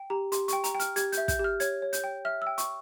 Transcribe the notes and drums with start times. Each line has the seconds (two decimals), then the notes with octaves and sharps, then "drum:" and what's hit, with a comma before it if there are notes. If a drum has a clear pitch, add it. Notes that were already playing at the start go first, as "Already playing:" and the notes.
Already playing: G5
0.10 G4 A#5
0.32 G4 C6, drum: hi-hat
0.48 G5 C#6, drum: hi-hat
0.64 A#5, drum: hi-hat
0.75 G5
0.80 F6, drum: hi-hat
0.96 G4 G#6, drum: hi-hat
1.12 G6, drum: hi-hat
1.18 E5
1.28 G6, drum: kick, hi-hat
1.39 G4 F6
1.60 C#5 G#6, drum: hi-hat
1.82 C#5
1.93 G6, drum: hi-hat
2.04 G5
2.25 E5 F6
2.42 G5 E6
2.58 C#6, drum: hi-hat